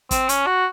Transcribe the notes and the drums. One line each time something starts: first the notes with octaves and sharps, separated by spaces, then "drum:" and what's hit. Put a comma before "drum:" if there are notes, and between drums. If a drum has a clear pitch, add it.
C4, drum: kick, hi-hat
C#4, drum: hi-hat
F#4